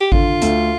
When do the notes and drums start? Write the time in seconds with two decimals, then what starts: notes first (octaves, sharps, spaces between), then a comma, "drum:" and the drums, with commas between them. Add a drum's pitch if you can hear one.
0.01 G4
0.12 D3 F4, drum: kick G#1
0.42 D2, drum: hi-hat